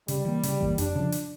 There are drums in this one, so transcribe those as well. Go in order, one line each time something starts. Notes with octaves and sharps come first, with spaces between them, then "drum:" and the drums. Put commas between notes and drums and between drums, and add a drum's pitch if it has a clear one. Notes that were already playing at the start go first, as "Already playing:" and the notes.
C#3 G3, drum: hi-hat
E3 A#3
C#3, drum: hi-hat
E3 A#3, drum: kick G1
F2 D4, drum: hi-hat
C#3 F3
drum: hi-hat